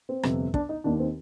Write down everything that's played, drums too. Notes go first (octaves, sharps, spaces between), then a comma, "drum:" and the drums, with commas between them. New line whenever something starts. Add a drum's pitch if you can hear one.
C4
G1 F2 C3, drum: rim click
D4, drum: kick
D#4
D#2 D#3 D4
C4